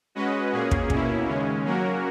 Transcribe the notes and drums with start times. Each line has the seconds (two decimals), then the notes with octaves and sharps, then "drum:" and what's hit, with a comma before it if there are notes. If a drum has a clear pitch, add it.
0.15 G#3 C#4 F#4 B4 D#5
0.52 A#2 A#3 C#4 G#4
0.71 drum: kick
0.90 B2 A#3 C#4 E4, drum: kick
1.28 D#2 C#3 G#3 C#4
1.65 F#3 A#3 C#4 F#4 A#4